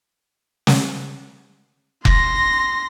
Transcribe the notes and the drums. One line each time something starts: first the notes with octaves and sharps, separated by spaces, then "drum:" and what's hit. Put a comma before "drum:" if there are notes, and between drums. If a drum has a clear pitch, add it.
drum: snare
C6 A#6, drum: kick F1